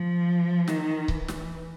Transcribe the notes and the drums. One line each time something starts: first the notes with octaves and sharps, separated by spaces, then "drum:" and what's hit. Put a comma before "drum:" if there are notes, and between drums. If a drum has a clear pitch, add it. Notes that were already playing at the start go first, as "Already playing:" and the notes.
Already playing: F3
D#3, drum: snare
E3, drum: kick C#1
drum: snare